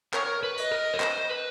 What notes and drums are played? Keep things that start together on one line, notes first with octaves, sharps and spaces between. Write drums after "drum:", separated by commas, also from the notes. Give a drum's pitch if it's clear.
A#4 C#5, drum: clap
B4
D#5, drum: hi-hat
A#4
C#5
C5, drum: clap
B4